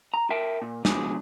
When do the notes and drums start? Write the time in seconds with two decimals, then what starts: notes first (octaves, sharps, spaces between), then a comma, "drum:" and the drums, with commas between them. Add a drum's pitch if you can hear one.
0.14 A#5
0.30 A#4 E5 G5 A5
0.62 A#2
0.85 C#2 B2 F3 D4 G#4 D5, drum: snare